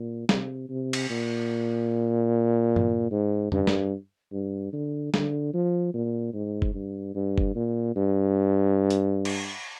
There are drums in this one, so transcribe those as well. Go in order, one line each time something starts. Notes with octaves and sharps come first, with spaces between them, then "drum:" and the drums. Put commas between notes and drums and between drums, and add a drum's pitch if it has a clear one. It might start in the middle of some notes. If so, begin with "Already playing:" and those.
Already playing: A#2
C3, drum: snare
C3
drum: cymbal
A#2
drum: tom G2
G#2
G2, drum: tom F2
drum: snare
G2
D3
D3, drum: snare
F3
A#2
G#2
drum: kick F#1
G2
G2
drum: kick F#1
A#2
G2
drum: hi-hat
drum: cymbal